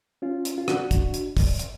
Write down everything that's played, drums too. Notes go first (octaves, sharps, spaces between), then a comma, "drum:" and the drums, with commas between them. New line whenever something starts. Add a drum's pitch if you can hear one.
C#4 F4
drum: hi-hat
F4
D4 F#4, drum: rim click
drum: kick, hi-hat
drum: hi-hat
drum: kick, open hi-hat
drum: hi-hat